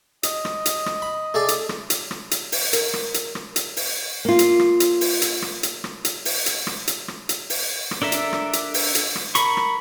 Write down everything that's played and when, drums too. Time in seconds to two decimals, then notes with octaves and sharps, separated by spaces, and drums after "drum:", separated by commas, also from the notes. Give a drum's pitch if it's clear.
0.23 D#5, drum: hi-hat
0.45 drum: rim click
0.66 drum: hi-hat
0.86 drum: rim click
1.02 B5
1.34 A3 G#4 D5
1.48 drum: hi-hat
1.69 drum: rim click
1.90 drum: hi-hat
2.11 drum: rim click
2.31 drum: hi-hat
2.52 drum: open hi-hat
2.73 A#4, drum: hi-hat
2.94 drum: rim click
3.14 drum: hi-hat
3.35 drum: rim click
3.56 drum: hi-hat
3.77 drum: open hi-hat
4.25 A#3 F4
4.39 drum: hi-hat
4.59 drum: rim click
4.80 drum: hi-hat
5.01 drum: open hi-hat
5.22 drum: hi-hat
5.42 drum: rim click
5.63 drum: hi-hat
5.84 drum: rim click
6.05 drum: hi-hat
6.25 drum: open hi-hat
6.46 drum: hi-hat
6.67 drum: rim click
6.87 drum: hi-hat
7.08 drum: rim click
7.29 drum: hi-hat
7.50 drum: open hi-hat
7.91 drum: rim click
8.02 D4 A4 A#4 E5
8.12 drum: hi-hat
8.33 drum: rim click
8.53 drum: hi-hat
8.74 drum: open hi-hat
8.95 drum: hi-hat
9.16 drum: rim click
9.35 A#4 B5 C#6, drum: hi-hat
9.57 drum: rim click